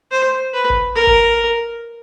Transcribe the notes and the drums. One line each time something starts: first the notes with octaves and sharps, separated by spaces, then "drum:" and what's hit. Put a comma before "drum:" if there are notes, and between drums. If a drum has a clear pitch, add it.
C5
B4
drum: kick G1
A#4
drum: kick G1